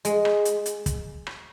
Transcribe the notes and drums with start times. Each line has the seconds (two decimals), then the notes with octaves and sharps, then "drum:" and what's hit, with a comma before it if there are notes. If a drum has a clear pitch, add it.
0.05 G#3, drum: hi-hat
0.25 drum: rim click
0.45 drum: hi-hat
0.66 drum: hi-hat
0.86 drum: kick, hi-hat
1.27 drum: rim click